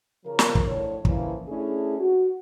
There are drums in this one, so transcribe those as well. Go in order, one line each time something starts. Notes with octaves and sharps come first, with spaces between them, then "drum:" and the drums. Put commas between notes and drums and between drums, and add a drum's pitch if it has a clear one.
C#3 F3 A#4
drum: snare
drum: kick
A2 F3 D4 C#5
A#2 C#3 E3 F3, drum: kick
A3 C#4 D4 E4 G#4
F#4